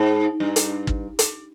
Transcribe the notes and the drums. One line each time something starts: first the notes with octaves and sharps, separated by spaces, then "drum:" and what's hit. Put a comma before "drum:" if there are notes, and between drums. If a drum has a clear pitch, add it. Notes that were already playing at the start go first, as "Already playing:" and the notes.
Already playing: G#2
G2
drum: hi-hat
drum: kick
drum: hi-hat